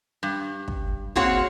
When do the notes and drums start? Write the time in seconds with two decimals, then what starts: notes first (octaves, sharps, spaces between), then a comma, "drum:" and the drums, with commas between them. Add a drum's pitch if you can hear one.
0.23 G2
0.68 drum: kick
1.16 A#3 C4 F#4 G#4 C#5 F#5, drum: kick